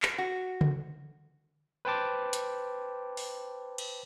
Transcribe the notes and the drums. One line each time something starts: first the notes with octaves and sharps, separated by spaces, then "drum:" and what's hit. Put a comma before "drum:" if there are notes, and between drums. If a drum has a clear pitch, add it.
drum: clap
F#4
drum: tom C#3
B4 C5 G5 A5 D6
drum: hi-hat
drum: open hi-hat
drum: cymbal